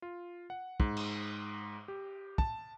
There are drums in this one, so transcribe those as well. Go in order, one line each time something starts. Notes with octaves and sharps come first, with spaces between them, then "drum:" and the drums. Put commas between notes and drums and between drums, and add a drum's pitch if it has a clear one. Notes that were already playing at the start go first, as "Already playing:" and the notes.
F4
F#5
G#2, drum: kick
drum: cymbal
G4
A5, drum: kick